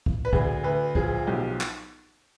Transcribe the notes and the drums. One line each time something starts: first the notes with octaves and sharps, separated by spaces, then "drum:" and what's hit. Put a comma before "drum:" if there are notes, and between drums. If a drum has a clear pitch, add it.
drum: kick
B4
D2 G#4, drum: kick
D2 B4
F3 G#4, drum: kick
B1 G4
drum: clap